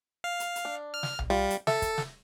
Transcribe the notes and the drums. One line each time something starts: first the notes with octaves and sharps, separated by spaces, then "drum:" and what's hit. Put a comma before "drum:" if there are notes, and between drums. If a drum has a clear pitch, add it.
F5
drum: hi-hat
drum: hi-hat
D4
F6
drum: snare
drum: tom B1
G3 F4
drum: hi-hat
A4 E5, drum: snare
drum: kick, hi-hat
drum: snare